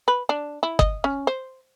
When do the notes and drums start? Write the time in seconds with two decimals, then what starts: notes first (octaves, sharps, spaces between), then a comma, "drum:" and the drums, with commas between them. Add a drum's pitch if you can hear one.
0.08 B4
0.29 D4
0.63 E4
0.79 D#5, drum: kick G1
1.04 C#4
1.27 C5